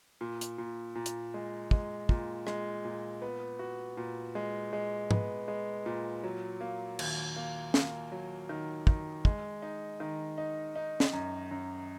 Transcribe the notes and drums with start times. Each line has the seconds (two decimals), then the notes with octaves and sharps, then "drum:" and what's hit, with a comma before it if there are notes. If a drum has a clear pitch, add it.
0.21 A#2
0.41 drum: hi-hat
0.58 A#2
0.95 A#2
1.06 drum: hi-hat
1.34 G#3
1.71 G#3, drum: kick
2.09 A#2, drum: kick
2.47 G#3, drum: rim click
2.85 A#2
3.22 B3
3.59 F#4
3.97 A#2
4.35 G#3
4.73 G#3
5.11 B3, drum: tom G#2
5.48 G#3
5.86 A#2
6.24 F#3
6.61 A#3
6.99 D#2, drum: cymbal
7.36 A#3
7.74 A#3, drum: snare
8.12 F#3
8.49 D#3
8.87 D#3, drum: kick
9.25 G#3, drum: kick
9.62 D#4
10.00 D#3
10.38 D#4
10.76 D#4
11.00 drum: snare
11.13 F#2
11.51 F#2